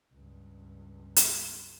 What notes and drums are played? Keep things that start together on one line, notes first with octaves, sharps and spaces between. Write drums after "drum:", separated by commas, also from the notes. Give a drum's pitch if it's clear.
C#2 G2
drum: hi-hat